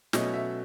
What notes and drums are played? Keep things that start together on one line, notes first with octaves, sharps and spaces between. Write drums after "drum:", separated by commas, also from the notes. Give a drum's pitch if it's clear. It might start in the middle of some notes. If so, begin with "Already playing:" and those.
B2 F#3 A3 C#4 D#5, drum: snare
E5